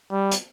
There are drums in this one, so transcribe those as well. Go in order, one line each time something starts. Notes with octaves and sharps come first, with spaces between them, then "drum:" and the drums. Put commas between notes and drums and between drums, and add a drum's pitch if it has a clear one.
G3
drum: hi-hat